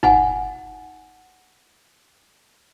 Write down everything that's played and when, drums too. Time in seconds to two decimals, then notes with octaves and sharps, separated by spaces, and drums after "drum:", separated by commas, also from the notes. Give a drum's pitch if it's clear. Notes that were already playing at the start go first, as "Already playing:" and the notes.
0.03 D#4 F#5 G#5, drum: tom F#1